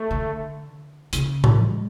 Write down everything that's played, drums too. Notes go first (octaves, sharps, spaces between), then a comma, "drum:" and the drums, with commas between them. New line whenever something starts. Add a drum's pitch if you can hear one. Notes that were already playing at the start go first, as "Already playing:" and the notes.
Already playing: A3
D3
C#3, drum: hi-hat
drum: tom A2
G#3